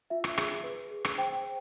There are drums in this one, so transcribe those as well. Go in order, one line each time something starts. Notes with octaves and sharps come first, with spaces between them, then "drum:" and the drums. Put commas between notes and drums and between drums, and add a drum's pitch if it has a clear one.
F4 E5
drum: rim click
G#4, drum: rim click
B4
G#4
drum: rim click
C5 G5
C5